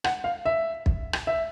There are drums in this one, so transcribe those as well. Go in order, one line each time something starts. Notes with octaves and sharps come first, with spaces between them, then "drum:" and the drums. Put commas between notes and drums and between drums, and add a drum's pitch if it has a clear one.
F#5, drum: rim click
F5
E5
drum: kick
drum: rim click
E5